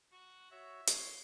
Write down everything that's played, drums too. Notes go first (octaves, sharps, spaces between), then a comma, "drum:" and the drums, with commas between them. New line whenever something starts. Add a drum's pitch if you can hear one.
F#4
F#4 C#5 E5
C#5 C6, drum: hi-hat